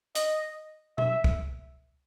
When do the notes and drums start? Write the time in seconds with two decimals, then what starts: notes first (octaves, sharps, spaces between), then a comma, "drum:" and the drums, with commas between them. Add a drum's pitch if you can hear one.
0.15 D#5, drum: hi-hat
0.98 E5, drum: tom B2
1.24 drum: kick